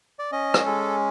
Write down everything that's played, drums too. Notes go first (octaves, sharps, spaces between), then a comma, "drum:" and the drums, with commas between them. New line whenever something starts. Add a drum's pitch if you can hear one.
D5
C#4 D#5
drum: rim click
G#3 A4